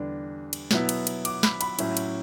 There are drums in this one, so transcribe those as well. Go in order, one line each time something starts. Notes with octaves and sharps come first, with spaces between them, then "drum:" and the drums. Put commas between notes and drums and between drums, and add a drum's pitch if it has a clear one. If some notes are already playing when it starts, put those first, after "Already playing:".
Already playing: E2 D3 G3 D4
drum: cymbal
B2 F#3 B3 E4, drum: snare
drum: cymbal
drum: cymbal
D6, drum: cymbal
B5, drum: snare
B5, drum: cymbal
A2 F#3 C#4 E4, drum: cymbal
drum: cymbal